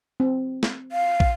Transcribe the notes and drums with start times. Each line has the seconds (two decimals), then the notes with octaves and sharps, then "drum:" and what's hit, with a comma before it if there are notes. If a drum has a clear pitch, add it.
0.20 C4
0.63 drum: snare
0.92 F5
1.20 drum: kick